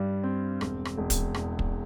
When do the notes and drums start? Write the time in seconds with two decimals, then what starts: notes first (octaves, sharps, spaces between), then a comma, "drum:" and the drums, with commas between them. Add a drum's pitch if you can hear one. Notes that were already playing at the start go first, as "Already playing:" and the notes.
Already playing: G2 G3
0.23 C4
0.61 E1, drum: rim click
0.85 drum: rim click
0.97 E1
1.10 drum: kick, hi-hat
1.34 E2, drum: rim click
1.59 drum: kick